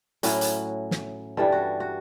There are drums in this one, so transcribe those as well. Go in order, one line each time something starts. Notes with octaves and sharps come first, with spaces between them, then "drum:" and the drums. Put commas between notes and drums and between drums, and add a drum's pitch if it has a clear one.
A2 F#3 C#4 E4 F#5, drum: hi-hat
drum: hi-hat
drum: snare
G2 E3 G3 A4
F#4
F#4